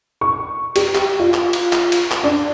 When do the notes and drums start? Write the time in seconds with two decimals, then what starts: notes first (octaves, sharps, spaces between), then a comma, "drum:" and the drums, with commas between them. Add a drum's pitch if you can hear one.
0.21 C#6
0.76 G4, drum: cymbal
0.95 drum: clap
1.20 F4
1.34 drum: clap
1.53 drum: cymbal
1.73 drum: clap
1.92 drum: cymbal
2.11 drum: clap
2.23 D4